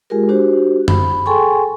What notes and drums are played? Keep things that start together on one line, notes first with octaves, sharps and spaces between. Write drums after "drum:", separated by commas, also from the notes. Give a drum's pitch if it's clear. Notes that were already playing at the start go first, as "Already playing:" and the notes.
G#3 F4 G4 G#4 A#4
D4 F#4 G4 C5
B5, drum: tom F#2
G#4 A4 G5 G#5 C6 C#6